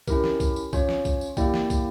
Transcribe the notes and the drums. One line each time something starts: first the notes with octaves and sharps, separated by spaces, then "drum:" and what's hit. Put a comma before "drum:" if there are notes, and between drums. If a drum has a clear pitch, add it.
C#4 E4 G4 A#4, drum: kick, tambourine
drum: snare
drum: kick, tambourine
drum: tambourine
C#4 F4 C#5, drum: kick, tambourine
drum: snare
drum: kick, tambourine
drum: tambourine
A#3 E4 G4 D5 G5, drum: kick, tambourine
drum: snare
drum: kick, tambourine